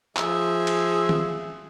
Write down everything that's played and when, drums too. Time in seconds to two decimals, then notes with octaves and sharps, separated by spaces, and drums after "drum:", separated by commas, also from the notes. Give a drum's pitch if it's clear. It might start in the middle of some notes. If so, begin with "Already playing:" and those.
0.17 F3 G#4 E5, drum: clap
0.67 drum: cymbal
1.09 drum: tom D#3